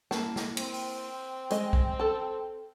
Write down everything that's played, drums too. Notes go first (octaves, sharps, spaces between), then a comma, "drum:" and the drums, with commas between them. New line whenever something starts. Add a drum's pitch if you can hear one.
A#3 E4 A5, drum: snare
drum: snare
C4, drum: cymbal
drum: open hi-hat
G#3 D#5, drum: hi-hat
drum: kick B1
A4 A5